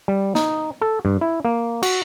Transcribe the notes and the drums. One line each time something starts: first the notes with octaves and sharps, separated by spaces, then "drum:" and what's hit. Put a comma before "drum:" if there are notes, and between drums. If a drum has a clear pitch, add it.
G3
D#4, drum: snare
A4
G2
E4
A#3
F#4, drum: cymbal